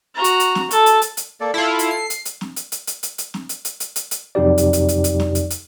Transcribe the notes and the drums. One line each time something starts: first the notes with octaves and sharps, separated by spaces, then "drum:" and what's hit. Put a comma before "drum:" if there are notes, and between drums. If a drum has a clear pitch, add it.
F#4 A#5
drum: hi-hat
drum: hi-hat
drum: snare C4
A4, drum: hi-hat
drum: hi-hat
drum: hi-hat
drum: hi-hat
A#3 A4 D5
E4 F4 A4
drum: hi-hat
C7
drum: hi-hat
drum: hi-hat
drum: snare C4
drum: hi-hat
drum: hi-hat
drum: hi-hat
drum: hi-hat
drum: hi-hat
drum: snare C4
drum: hi-hat
drum: hi-hat
drum: hi-hat
drum: hi-hat
drum: hi-hat
F2 C3 F#3 D#4 G4 D5
drum: hi-hat
drum: hi-hat
drum: hi-hat
drum: hi-hat
drum: snare C4
drum: hi-hat
drum: hi-hat